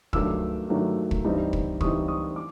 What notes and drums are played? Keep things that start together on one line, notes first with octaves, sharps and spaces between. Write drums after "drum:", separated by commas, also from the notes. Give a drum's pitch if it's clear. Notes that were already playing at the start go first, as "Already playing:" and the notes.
G2 D#3 F#3 A3 D6 E6, drum: kick
G2 D#3 F#3 A3
drum: kick
G2 E3 G3 C4 D#4
drum: kick
G2 E3 G3 C4 D#4 C#6 D#6, drum: kick
C#6 D#6
D6